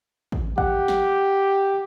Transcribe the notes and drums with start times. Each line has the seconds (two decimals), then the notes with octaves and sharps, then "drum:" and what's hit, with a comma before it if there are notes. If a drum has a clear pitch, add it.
0.32 drum: kick
0.58 G4 F#5, drum: kick
0.88 drum: snare